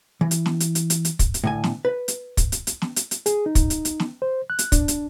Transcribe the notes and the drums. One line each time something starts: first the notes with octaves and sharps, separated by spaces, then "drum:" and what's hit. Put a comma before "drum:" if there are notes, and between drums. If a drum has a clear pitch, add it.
E3
drum: hi-hat
drum: snare
drum: hi-hat
drum: hi-hat
drum: hi-hat
drum: hi-hat
drum: kick, hi-hat
drum: hi-hat
A2 D3 G#5
drum: snare
B4
drum: hi-hat
drum: kick, hi-hat
drum: hi-hat
drum: hi-hat
drum: snare
drum: hi-hat
drum: hi-hat
G#4, drum: hi-hat
D#4
drum: kick, hi-hat
drum: hi-hat
drum: hi-hat
drum: snare
C5
F#6
drum: hi-hat
D4, drum: kick, hi-hat
drum: hi-hat